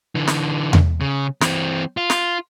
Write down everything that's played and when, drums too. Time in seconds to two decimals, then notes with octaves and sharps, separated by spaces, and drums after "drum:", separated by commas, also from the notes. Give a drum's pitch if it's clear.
0.15 D3 E3
0.27 drum: snare
0.73 drum: tom E2
1.01 C#3
1.41 E3 C4, drum: snare
1.97 F4
2.10 drum: snare